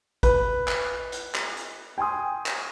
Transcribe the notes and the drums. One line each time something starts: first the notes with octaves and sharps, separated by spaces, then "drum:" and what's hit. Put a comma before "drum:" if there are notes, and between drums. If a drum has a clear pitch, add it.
B4, drum: kick, hi-hat
drum: clap
drum: hi-hat
drum: clap
drum: hi-hat
G5 G#5 C6 D#6
drum: clap